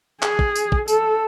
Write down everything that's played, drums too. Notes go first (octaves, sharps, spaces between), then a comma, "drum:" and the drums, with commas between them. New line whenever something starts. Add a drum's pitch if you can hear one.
G#4, drum: clap
drum: kick
drum: tambourine
drum: kick
A4, drum: tambourine